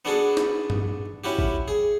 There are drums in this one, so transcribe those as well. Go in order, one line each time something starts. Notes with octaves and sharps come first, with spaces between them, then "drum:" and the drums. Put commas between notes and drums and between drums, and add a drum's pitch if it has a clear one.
B3 D4 F#4 G#4 A4
drum: snare
drum: tom G2
C#4 E4 F#4 G4
drum: kick
G#4